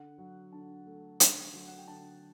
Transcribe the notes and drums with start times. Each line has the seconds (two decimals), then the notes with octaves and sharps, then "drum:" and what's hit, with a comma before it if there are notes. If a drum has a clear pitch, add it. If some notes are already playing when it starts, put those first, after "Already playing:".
Already playing: D3 F#5
0.18 F#3
0.53 D3 A5
0.86 A3
1.20 D3, drum: hi-hat
1.54 F#3
1.68 F#5
1.78 G5
1.87 D3 A5